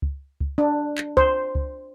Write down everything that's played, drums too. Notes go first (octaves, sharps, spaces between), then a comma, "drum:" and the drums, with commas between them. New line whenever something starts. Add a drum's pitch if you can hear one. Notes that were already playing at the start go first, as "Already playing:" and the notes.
drum: kick C#2
drum: kick C#2
D4
drum: clap
C5, drum: kick C#2
drum: kick C#2